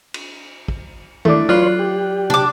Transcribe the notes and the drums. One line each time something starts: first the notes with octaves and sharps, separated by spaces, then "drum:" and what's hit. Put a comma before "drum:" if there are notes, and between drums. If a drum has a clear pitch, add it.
drum: cymbal
drum: kick
A3 D4 E4 D6, drum: tom D#3
F#3 F4 B4 C#5 D5 C6 F#6
G4
D4 D6, drum: tom